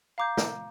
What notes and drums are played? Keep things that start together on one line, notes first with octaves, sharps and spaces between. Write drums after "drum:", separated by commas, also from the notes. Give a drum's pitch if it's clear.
F5 A#5 D6 G6
drum: snare